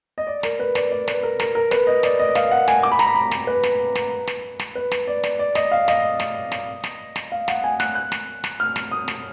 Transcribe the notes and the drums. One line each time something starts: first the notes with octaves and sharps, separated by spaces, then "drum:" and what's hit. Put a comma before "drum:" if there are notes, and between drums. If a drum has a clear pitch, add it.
D#5
D5
A#4, drum: snare
B4
D5, drum: snare
D5
B4, drum: snare
A#4
A#4, drum: snare
A#4
B4, drum: snare
D#5
D5, drum: snare
D#5
F5, drum: snare
F#5
G#5, drum: snare
D6
B5
A#5, drum: snare
B5
A#5
drum: snare
B4
drum: snare
drum: snare
drum: snare
drum: snare
B4
drum: snare
D5
drum: snare
D5
D#5, drum: snare
F5
D#5, drum: snare
drum: snare
drum: snare
drum: snare
drum: snare
F5
F#5, drum: snare
G#5
F#6, drum: snare
F#6
drum: snare
drum: snare
F6
drum: snare
D#6
drum: snare